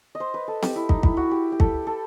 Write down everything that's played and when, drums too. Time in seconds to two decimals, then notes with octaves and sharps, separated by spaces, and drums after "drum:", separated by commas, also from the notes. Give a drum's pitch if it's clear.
0.15 D#5
0.20 C5
0.34 B4
0.48 A4
0.62 G4, drum: snare C4
0.76 E4
0.89 D#4, drum: kick
1.03 E4, drum: kick
1.17 F#4
1.31 G4
1.52 G4
1.60 A4, drum: kick
1.87 A4